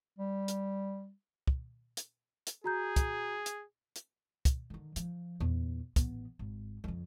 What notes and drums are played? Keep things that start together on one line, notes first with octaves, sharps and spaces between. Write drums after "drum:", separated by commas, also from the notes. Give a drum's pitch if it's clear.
G3
drum: hi-hat
drum: kick
drum: hi-hat
drum: hi-hat
F#4 G#4 A#5 G6
drum: kick, hi-hat
drum: hi-hat
drum: hi-hat
drum: kick, hi-hat
D3 D#3
F3, drum: hi-hat
E2 A#2
A1 B3, drum: kick, hi-hat
G#1
F2 C#3